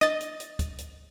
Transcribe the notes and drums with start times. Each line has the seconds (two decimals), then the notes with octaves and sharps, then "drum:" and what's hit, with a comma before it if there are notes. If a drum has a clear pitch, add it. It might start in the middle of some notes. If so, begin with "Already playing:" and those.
0.01 D#5 A6, drum: snare
0.21 drum: hi-hat
0.40 drum: hi-hat
0.59 drum: kick, hi-hat
0.78 drum: hi-hat